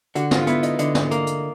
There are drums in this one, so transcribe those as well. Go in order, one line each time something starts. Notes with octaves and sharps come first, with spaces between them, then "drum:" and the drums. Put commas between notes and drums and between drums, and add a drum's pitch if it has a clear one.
D3 F#4, drum: hi-hat
F4, drum: snare
F4
B3 E4, drum: hi-hat
D#4, drum: hi-hat
D3 D#4, drum: hi-hat
drum: snare
A#3, drum: hi-hat
drum: hi-hat